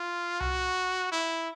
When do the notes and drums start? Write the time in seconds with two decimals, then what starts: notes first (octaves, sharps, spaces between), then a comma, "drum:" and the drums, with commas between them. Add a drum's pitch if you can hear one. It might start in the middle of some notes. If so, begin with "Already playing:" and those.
Already playing: F4
0.40 F#4, drum: tom C2
1.12 E4